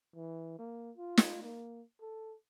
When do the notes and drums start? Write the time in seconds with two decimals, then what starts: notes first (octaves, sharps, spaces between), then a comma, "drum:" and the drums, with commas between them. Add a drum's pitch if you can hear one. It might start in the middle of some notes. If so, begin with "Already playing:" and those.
0.15 E3
0.59 A#3
0.97 F4
1.17 drum: snare
1.43 A#3
2.01 A4